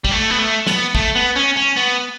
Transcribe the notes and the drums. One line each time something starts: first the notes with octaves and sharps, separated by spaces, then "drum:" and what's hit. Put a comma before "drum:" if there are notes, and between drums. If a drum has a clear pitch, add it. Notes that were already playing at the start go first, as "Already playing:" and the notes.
G3, drum: kick
A3
B3
A3
B3, drum: snare
A3, drum: kick
B3
C#4
C#4
B3